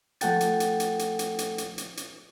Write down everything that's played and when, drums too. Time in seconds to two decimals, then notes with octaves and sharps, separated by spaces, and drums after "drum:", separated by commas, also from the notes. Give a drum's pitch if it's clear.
0.21 F3 A3 A4 F#5 G5 A6, drum: hi-hat
0.41 drum: hi-hat
0.60 drum: hi-hat
0.80 drum: hi-hat
0.99 drum: hi-hat
1.19 drum: hi-hat
1.39 drum: hi-hat
1.58 drum: hi-hat
1.78 drum: hi-hat
1.97 drum: hi-hat